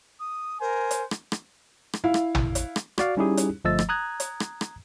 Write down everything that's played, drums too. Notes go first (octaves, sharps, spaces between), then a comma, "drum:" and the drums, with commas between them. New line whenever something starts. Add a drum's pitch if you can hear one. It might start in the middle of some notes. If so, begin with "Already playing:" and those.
D#6
A#4 C5 G#5
drum: hi-hat
drum: rim click
drum: rim click
drum: rim click
E4 F5
drum: rim click
drum: tom
drum: hi-hat
drum: rim click
F#4 D5 F5, drum: rim click
G3 C#4 D#4 E4 G4 G#4
drum: hi-hat
G1 F3 A3 D#5 E6 A6
drum: rim click
A#5 D#6 F#6 G#6
drum: hi-hat
drum: rim click
drum: rim click